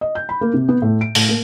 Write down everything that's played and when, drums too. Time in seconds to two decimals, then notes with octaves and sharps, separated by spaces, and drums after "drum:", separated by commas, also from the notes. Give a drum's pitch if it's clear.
0.01 D#5
0.15 G6
0.29 B5
0.41 A#3
0.54 C3
0.69 B3
0.82 A2
1.01 D7
1.15 A2, drum: open hi-hat
1.29 A#3